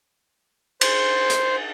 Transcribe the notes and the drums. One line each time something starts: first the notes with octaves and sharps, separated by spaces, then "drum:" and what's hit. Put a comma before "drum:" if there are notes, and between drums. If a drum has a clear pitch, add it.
C5, drum: cymbal
drum: hi-hat